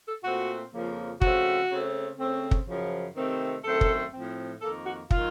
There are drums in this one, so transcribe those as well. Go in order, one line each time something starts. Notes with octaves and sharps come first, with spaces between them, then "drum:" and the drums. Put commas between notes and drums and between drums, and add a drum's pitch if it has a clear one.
A4
A#2 A3 C4 F#4
F2 C#3 F3 A#3
C#3 F3 A3 C4 F#4, drum: kick
C#3 A3 C4
C#3 A3 C4
drum: kick
F#2 C#3 F3
C3 D#3 A3 C4
F#2 D#3 A3 C4 A4
drum: kick
A2 F3 C4
F2 D#3 A#3 A4
F#4
D#3 F#3 F4, drum: kick